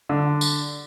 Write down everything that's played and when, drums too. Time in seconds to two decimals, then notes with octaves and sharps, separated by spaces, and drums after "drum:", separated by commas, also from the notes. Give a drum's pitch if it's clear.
0.09 D3
0.41 drum: tambourine